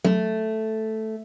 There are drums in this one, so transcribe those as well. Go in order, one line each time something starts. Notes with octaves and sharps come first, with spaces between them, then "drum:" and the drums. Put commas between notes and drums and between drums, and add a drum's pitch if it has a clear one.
A3, drum: tom F#3